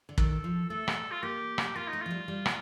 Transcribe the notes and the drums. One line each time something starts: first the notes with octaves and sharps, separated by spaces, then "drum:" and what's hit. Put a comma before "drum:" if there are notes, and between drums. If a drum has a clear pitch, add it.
D3
D#3 A4, drum: kick
F3
A3 A4
G3, drum: rim click
F4
A#3 G4
drum: rim click
A#3 F4
A3 D#4
F3 F4
G3
G3
drum: rim click